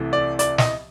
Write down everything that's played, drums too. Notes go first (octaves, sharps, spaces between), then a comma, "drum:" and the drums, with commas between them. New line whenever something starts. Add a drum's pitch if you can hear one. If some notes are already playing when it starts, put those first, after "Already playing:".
Already playing: C2 C3 E3 A3
D5
D5, drum: hi-hat
D#5, drum: snare